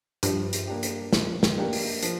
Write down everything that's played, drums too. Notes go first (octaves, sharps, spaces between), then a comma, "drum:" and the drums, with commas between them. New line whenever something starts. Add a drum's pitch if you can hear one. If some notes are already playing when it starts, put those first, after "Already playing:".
G2 F3, drum: hi-hat
drum: hi-hat
A#3 D4 G4
drum: hi-hat
F3, drum: snare
drum: snare
A#3 D4 G4
drum: open hi-hat
F3, drum: hi-hat